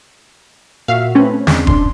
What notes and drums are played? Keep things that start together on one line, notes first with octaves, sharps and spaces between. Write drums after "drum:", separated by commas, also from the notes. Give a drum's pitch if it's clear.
A#2 F#4 E5 F5
A3 C4 C#4 B4
E2 G#3 D4, drum: snare
D4 C6, drum: kick E1